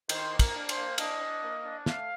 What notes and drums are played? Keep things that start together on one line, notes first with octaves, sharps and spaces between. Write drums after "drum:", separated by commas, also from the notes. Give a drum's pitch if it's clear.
D#3 C5, drum: cymbal
A#3
A#4, drum: kick, cymbal
D4
C5, drum: cymbal
A#3
D4 D#5, drum: cymbal
D4
A#3
D4
A3 F5, drum: snare